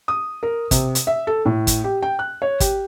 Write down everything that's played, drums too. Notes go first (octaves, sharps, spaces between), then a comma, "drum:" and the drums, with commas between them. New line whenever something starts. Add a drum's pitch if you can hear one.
D#6
A#4
C3, drum: kick, hi-hat
drum: hi-hat
E5
A4
A2
drum: kick, hi-hat
G4
G5
F#6
C#5
G4, drum: kick, hi-hat